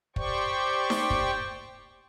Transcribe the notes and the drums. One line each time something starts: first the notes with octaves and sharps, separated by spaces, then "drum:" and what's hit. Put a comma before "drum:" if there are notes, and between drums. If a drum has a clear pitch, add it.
G4 C5 D5 G5 C#6, drum: kick
drum: snare D#4
drum: kick